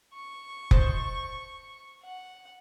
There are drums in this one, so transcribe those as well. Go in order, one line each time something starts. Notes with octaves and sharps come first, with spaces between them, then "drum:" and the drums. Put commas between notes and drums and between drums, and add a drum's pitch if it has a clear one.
C#6
C5 D#5 A5, drum: kick F1
F#5